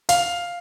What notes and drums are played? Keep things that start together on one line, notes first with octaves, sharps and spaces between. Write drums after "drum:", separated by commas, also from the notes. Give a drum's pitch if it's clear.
F5, drum: hi-hat